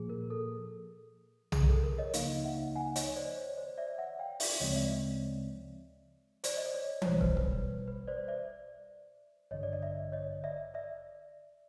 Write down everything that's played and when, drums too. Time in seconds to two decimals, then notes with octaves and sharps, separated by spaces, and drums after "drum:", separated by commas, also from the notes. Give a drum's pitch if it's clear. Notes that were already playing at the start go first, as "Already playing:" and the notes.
Already playing: A#2 F3 A#3 G#4
0.09 A#4
0.30 A4
1.52 G#4, drum: tom B1
1.69 A4
1.83 A#4
1.98 C#5 D#5
2.13 C#2 C#3 F3 A#3 D#4 D#5 F5, drum: hi-hat
2.44 E5 F#5
2.76 F#5 G#5
2.96 C#5 D#5, drum: hi-hat
3.16 C5 D5
3.37 C#5
3.58 C5 D5
3.78 D5 E5
3.98 E5 F#5
4.19 F5 G5
4.40 D5 E5, drum: open hi-hat
4.60 D2 C#3 F3 G#3 C4 C#5 D#5
4.75 D5 E5
6.44 C5 D5, drum: hi-hat
6.57 D#5
6.66 D5
6.74 C#5
7.02 C#5, drum: tom E3
7.06 B1 B2 G3 C5
7.21 B4, drum: kick
7.37 B4, drum: kick
7.51 B4
7.88 B4
8.08 C5 D5
8.28 D5 E5
9.51 A1 G2 D3 C#5 D#5
9.63 D5
9.73 D#5
9.82 D5 E5
10.12 C#5 D#5
10.44 D5 E5
10.74 D5 E5